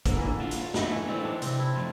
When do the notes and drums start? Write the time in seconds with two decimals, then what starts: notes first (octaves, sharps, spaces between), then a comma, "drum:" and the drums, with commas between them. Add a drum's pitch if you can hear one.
0.06 D3 A#3, drum: kick, hi-hat
0.17 E3
0.25 D3
0.40 D4 F4
0.51 drum: hi-hat
0.74 D3 A3, drum: snare
0.91 E3
1.08 C4 E4 A4 D5
1.25 D4
1.42 C3 C4, drum: hi-hat
1.59 E4
1.76 F3 A3 F4